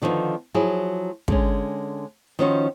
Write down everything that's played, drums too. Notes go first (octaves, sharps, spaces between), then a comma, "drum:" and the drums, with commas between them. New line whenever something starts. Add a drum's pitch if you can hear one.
D3 D#3 F3 G3 B3 D#4
F3 F#3 E4 G#4
D3 G#3 C#4, drum: kick
D#3 F3 C#4 D#4 F#4 C5